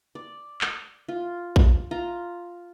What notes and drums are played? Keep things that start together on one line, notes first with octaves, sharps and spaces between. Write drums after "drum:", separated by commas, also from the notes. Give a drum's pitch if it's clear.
D5
drum: clap
F4
drum: kick A#1
F4 A#5